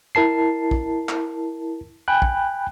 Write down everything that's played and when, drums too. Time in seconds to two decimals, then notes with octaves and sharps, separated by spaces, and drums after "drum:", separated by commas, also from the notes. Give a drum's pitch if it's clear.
0.15 E4 A#4 A5 C7
0.71 drum: kick
1.09 drum: clap
2.08 G5 G#5 B5 F#6
2.22 drum: kick